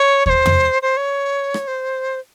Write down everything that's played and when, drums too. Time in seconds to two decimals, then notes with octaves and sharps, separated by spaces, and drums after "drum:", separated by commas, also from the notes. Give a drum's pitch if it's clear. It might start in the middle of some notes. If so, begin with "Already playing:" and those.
Already playing: C#5
0.26 C#5, drum: kick D#2
0.29 C5
0.46 drum: tom
0.82 C5
0.97 C#5
1.54 drum: rim click
1.67 C5